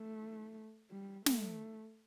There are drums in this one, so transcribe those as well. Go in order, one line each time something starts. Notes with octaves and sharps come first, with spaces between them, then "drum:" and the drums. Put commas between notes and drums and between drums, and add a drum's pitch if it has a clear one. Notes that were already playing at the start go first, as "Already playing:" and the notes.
Already playing: A3
G3
A3, drum: snare